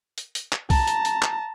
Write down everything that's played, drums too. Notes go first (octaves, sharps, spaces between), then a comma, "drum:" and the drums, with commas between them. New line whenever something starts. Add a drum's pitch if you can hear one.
drum: hi-hat
drum: hi-hat
drum: clap
A5 A#5, drum: kick C2, open hi-hat
drum: hi-hat
drum: hi-hat
drum: clap